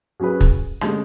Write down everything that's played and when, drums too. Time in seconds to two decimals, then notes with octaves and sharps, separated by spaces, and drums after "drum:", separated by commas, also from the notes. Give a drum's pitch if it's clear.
0.20 F#3 C#4 G#4 B4
0.41 drum: kick
0.81 D3 G#3 C#4, drum: rim click